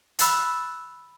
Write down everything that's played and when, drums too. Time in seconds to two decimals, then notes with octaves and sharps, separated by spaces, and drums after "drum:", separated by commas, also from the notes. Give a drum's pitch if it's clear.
0.19 B5 E6 F#6 A6 B6, drum: hi-hat